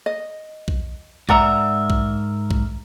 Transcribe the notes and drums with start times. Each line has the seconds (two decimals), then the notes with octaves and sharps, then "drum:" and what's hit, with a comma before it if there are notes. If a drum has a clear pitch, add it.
0.06 D#5
0.68 drum: kick A#1
1.29 G#2 A#4 D5 E5 F#5 A#5, drum: kick A#1
1.90 drum: kick A#1
2.51 drum: kick A#1